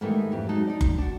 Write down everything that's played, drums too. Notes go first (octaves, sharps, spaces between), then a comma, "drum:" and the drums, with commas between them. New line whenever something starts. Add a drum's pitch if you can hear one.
G#2 D#3 E3 G3 A3 B3
F2 G4
F#3 G#3 D#4 F#4 A5
D#4 D5
drum: kick F#1
D4 F#4